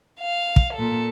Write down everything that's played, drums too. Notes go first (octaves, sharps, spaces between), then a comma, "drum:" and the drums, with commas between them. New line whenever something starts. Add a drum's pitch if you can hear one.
F5
drum: kick
A#2 A4